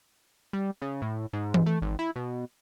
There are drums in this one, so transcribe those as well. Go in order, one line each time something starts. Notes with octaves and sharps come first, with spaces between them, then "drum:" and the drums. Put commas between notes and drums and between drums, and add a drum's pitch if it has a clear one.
G3
C#3
A2
G#2
drum: tom E3
A3
G#1
E4
B2